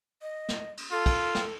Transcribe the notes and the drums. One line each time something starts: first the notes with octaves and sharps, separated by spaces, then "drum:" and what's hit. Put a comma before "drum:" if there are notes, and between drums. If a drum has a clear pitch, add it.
D#5
drum: snare
drum: cymbal
F4 A4
drum: kick, cymbal
drum: snare